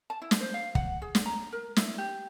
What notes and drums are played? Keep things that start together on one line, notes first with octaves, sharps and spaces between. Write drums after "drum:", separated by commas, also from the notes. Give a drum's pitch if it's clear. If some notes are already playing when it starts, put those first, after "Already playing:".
A5
E4
drum: snare
C5
F5
F#5, drum: kick
G#4
drum: snare
A#5
A#4
E4, drum: snare
G4